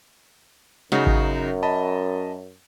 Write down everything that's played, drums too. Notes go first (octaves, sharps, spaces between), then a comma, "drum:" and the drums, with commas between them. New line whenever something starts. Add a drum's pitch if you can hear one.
F#2 C#3 D#4 F#4, drum: snare
drum: kick G#1
D#5 A5 B5